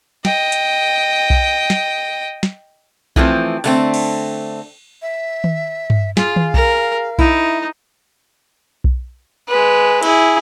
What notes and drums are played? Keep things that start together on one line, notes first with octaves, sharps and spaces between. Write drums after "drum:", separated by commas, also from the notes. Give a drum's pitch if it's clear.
D#5 G5, drum: snare
drum: hi-hat
drum: kick B1
drum: snare
drum: snare
E3 F3 A3 C4, drum: kick B1
D3 A3 C4, drum: open hi-hat
drum: cymbal
E5
drum: tom D#3
drum: tom G2
F4 G#4 F5, drum: snare
drum: tom D#3
A#4, drum: kick B1
D#4 E4, drum: kick B1
drum: kick B1
G#3 B4
E4 G#4, drum: cymbal